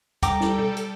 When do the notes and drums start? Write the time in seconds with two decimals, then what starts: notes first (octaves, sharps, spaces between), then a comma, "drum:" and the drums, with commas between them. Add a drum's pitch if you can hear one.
0.23 G3 G4 A4 G5 A#5 D6, drum: kick D2, hi-hat
0.41 drum: snare
0.59 drum: tom B2
0.77 drum: hi-hat